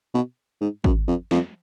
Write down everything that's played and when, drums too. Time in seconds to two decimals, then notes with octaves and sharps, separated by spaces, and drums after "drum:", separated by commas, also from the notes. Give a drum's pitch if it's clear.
0.14 B2
0.61 G#2
0.84 F#2, drum: kick
1.07 F2
1.31 F2, drum: snare